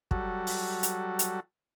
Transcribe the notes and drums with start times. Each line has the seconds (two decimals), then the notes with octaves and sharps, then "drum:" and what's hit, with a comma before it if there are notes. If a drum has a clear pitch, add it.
0.11 F#3 G3 F#4 A4, drum: kick
0.47 drum: open hi-hat
0.83 drum: hi-hat
1.19 drum: hi-hat